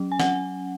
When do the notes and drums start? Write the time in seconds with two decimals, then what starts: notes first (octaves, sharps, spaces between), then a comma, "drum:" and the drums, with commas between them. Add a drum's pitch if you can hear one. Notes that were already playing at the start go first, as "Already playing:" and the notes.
Already playing: F#3 C#4
0.12 G#5
0.20 F#5, drum: snare